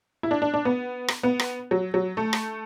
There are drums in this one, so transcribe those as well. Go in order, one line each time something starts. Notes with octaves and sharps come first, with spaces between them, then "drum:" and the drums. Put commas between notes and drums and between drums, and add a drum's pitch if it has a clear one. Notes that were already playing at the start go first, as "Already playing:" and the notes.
E4
D4
D4
D4
B3
drum: rim click
B3
drum: rim click
F#3
F#3
A3
drum: rim click